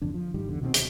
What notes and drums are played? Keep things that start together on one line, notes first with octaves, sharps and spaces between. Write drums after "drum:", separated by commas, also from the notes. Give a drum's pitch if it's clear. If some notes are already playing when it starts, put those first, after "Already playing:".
G1 F2 D3 D4
F3
G#1 D#3 G3
E2 D3
B2 D#3 F3 C4
D1, drum: hi-hat